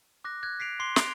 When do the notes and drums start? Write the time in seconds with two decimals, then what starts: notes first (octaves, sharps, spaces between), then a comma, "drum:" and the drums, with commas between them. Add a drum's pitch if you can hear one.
0.24 D6 F#6 A#6
0.43 F#6 G#6
0.60 B6 C7 D7 F7
0.80 C6 D6 C7 G7
0.96 D7 F7, drum: snare